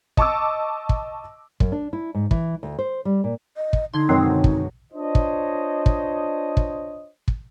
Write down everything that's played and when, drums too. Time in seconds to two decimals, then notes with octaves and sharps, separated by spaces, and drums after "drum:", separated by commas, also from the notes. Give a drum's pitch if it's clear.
0.17 D#5 A5 C#6 D6 E6, drum: kick
0.89 drum: kick
1.60 F#2, drum: kick
1.72 D4
1.93 E4
2.14 G#2
2.31 E3, drum: kick
2.63 D2
2.79 C5
3.05 G3
3.24 A#2
3.57 D#5
3.73 drum: kick
3.94 D3 D#4 C6 G#6
4.09 F#2 B2 D#3 F#3 G#3 C4
4.44 drum: kick
4.93 D4 F4 C5 C#5 D#5
5.15 drum: kick
5.86 drum: kick
6.57 drum: kick
7.28 drum: kick